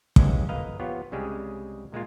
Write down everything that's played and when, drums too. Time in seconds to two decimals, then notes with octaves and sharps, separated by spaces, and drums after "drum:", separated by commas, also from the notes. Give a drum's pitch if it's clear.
0.16 A#1 D#2 E3 G#3 C#4, drum: kick
0.49 G1 A#3 B4 D#5 F5 A#5
0.80 F3 B3 F4 G4 C#5
1.12 C2 C#3 G3 G#3 G4 G#4
1.92 A#2 G#3 A#3 F4